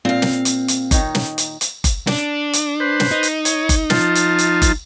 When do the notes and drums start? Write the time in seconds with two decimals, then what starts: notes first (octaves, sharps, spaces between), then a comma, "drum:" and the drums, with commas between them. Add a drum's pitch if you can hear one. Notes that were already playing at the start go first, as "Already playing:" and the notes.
0.05 A#2 C4 F5
0.22 drum: snare
0.45 drum: hi-hat
0.68 drum: hi-hat
0.91 D#3 D#4 C#5, drum: kick F#1, hi-hat
1.15 drum: snare
1.38 drum: hi-hat
1.61 drum: hi-hat
1.84 drum: kick F#1, hi-hat
2.07 D4, drum: snare
2.53 drum: hi-hat
2.80 B4 C5
3.00 drum: snare
3.11 D#4
3.23 drum: hi-hat
3.45 C#5, drum: hi-hat
3.69 drum: kick F#1, hi-hat
3.90 F3 F4 A5, drum: snare
4.15 drum: hi-hat
4.39 drum: hi-hat
4.62 drum: kick F#1, hi-hat